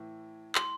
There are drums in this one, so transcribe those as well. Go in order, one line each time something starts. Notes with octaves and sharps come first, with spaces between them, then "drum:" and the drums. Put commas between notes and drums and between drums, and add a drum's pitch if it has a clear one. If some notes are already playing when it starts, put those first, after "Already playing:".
Already playing: A2 E3
C6, drum: clap